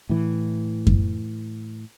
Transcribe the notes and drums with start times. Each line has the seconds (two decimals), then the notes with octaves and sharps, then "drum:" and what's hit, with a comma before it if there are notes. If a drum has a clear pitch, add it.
0.09 A2 E3
0.87 drum: kick F#2